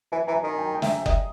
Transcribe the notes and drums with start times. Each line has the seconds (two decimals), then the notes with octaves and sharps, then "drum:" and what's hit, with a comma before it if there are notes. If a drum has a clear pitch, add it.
0.12 E3 G#5
0.27 E3 A#5
0.36 G#5
0.43 D#3
0.58 G5
0.75 G5
0.82 E5, drum: snare
1.06 D#5, drum: kick F#1